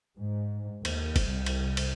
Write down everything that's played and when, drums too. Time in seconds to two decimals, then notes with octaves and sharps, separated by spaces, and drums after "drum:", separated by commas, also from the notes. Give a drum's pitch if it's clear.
0.19 G#2
0.85 D#2, drum: cymbal
1.16 drum: kick, cymbal
1.27 C2
1.46 drum: cymbal
1.77 drum: cymbal